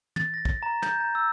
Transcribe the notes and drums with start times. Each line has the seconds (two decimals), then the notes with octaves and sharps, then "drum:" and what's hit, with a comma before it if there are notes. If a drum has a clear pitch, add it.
0.16 A6, drum: tom
0.34 A#6
0.45 drum: kick
0.63 A#5
0.82 G6, drum: snare
1.00 A#5
1.15 E6